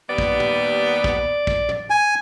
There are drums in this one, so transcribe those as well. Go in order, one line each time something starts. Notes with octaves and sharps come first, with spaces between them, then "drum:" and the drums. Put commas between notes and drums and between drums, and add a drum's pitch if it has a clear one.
D#2 G3 B3 D5
drum: kick
drum: tom
drum: kick
drum: kick
drum: tom
G#5